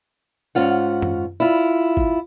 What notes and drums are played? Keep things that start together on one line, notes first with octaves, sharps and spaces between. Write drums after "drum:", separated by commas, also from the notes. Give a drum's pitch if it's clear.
G#2 C#4 F4 F#5
drum: tom F#2
E4 F4
drum: kick G#1